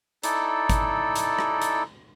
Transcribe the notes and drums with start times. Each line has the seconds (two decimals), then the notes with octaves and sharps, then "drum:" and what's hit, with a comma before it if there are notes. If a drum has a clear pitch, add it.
0.23 D#4 E4 A4 D5, drum: hi-hat
0.69 drum: kick, hi-hat
1.16 drum: hi-hat
1.39 drum: rim click
1.62 drum: hi-hat